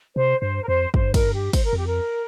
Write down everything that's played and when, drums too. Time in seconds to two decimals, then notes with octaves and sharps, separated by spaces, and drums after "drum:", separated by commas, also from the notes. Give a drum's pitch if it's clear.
0.16 C3 C5
0.41 G2 C5
0.63 A#4
0.67 F2 C5
0.94 G2 C5, drum: kick
1.14 A#4, drum: kick, cymbal
1.33 G4
1.53 C5, drum: kick, cymbal
1.64 A#4
1.73 F2 G4
1.88 A#4